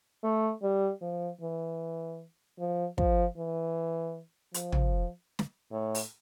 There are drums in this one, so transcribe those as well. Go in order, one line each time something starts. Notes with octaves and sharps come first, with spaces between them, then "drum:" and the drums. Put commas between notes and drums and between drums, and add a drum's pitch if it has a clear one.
A3
G3
F3
E3
F3
F3, drum: kick
E3
F3, drum: hi-hat
drum: tom
drum: snare
A2
drum: open hi-hat